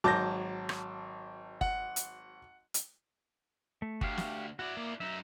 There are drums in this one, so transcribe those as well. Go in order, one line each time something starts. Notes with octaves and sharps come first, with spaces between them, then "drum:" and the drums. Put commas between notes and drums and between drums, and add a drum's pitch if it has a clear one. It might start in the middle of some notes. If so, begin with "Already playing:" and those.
G#1 F#3 A5 D6 G6 A#6
drum: rim click
F#5, drum: kick G1
drum: hi-hat
drum: hi-hat
A3
D2 F#4 G4 F5, drum: kick G1
drum: snare
E4 F#4 D5
A#3
F#2 D#4 E5